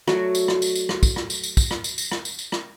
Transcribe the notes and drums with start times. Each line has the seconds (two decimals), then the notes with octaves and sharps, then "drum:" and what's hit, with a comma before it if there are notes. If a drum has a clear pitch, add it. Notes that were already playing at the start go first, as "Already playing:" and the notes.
0.08 F#3 A3 F#4 D5, drum: rim click
0.35 drum: tambourine
0.48 drum: rim click
0.62 drum: tambourine
0.75 drum: tambourine
0.89 drum: rim click
1.03 drum: kick, tambourine
1.16 drum: rim click
1.30 drum: tambourine
1.43 drum: tambourine
1.57 drum: kick, tambourine
1.71 drum: rim click
1.84 drum: tambourine
1.98 drum: tambourine
2.11 drum: rim click
2.25 drum: tambourine
2.39 drum: tambourine
2.52 drum: rim click